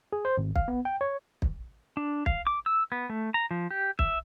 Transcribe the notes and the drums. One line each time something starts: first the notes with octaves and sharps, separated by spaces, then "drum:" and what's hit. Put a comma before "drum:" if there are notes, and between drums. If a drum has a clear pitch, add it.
G#4
C5
G#1
F5, drum: kick
B3
G5
C#5
drum: kick
D4
F5, drum: kick
D6
E6
B3
A3
A#5
F3
G4
E5, drum: kick